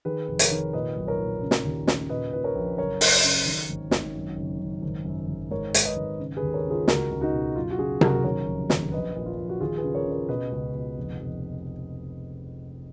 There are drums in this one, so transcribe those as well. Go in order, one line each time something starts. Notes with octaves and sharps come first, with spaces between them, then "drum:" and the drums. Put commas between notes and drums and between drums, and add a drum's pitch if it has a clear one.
D#3 G#4 B4
F1
A#4 C#5, drum: hi-hat
D#3
A#2 B4 D#5
B1
A#4 C#5
A#2
C#3
drum: snare
D#2
C#3, drum: snare
A#2 B4 D#5
A#2 B4
A#4 C#5
A#1
F#1 A#4 C#5
C#3, drum: open hi-hat
C#3
D#3
G#1
G#1, drum: snare
F#2
F#1
F#1
G#1
F#2
G#1
G#2 A#4 C#5
G#2, drum: hi-hat
B4 D#5
G#1
C#3
G#4 B4
D#2
A#4 C#5
C#3
F4 G#4
C#2 F#4 A#4, drum: snare
C#2
D#4 F#4
B2
F#2 F4
F#4
C#3 F4 G#4
F#1 F#4 A#4, drum: tom C3
D#3 A#4 C#5
F1
D#2, drum: snare
A#1 B4 D#5
A#2
F4
A#1
F#4
D#2 F4 G#4
G#4 B4
C#3
A#4 C#5
C#3
A#4 C#5
B2 B4 D#5
C#2
B2
F1
F1